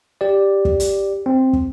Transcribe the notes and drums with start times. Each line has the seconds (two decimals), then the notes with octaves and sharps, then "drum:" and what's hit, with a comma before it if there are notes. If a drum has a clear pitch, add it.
0.21 G4 D5
0.65 drum: kick
0.80 drum: hi-hat
1.26 C4
1.53 drum: kick